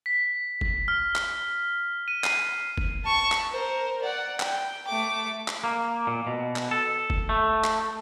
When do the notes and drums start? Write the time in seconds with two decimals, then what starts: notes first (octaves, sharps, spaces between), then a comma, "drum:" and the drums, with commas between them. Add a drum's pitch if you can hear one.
0.06 B6
0.61 drum: kick F#1
0.88 F6
1.15 drum: clap
2.08 D#7
2.24 C7, drum: clap
2.78 drum: kick F#1
3.05 A5 C#6
3.32 drum: clap
3.51 A#4 C5
4.02 D5 F#5
4.40 G5, drum: clap
4.87 A3 D6
5.48 drum: clap
5.64 A#3
6.07 A#2
6.27 B2
6.56 drum: clap
6.71 A4
7.10 drum: kick F#1
7.29 A3
7.64 drum: clap